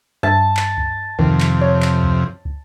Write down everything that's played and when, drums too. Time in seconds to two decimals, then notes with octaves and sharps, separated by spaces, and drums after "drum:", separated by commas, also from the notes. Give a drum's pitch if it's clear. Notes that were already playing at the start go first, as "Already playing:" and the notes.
0.23 G2 E5 A5
0.57 drum: clap
0.78 drum: kick
1.19 F2 C3 D#3, drum: kick
1.41 drum: clap
1.61 C#5
1.82 drum: clap
2.03 drum: kick
2.45 drum: kick